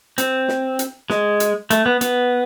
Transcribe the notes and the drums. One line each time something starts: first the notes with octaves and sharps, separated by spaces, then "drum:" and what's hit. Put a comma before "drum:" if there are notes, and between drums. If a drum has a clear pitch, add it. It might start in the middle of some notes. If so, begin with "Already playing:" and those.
C4, drum: hi-hat
drum: snare
drum: hi-hat
G#3, drum: snare
drum: hi-hat
A3, drum: hi-hat
B3
B3, drum: hi-hat